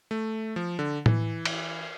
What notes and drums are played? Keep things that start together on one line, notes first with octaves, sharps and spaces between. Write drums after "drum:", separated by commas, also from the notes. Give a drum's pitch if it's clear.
A3
F3
D3
E3, drum: tom A2
drum: cymbal